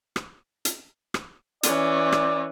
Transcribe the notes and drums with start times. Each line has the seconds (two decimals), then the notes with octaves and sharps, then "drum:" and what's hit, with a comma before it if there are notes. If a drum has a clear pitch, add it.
0.16 drum: rim click
0.65 drum: hi-hat
1.14 drum: rim click
1.63 E3 C#4 D5, drum: hi-hat
2.12 drum: rim click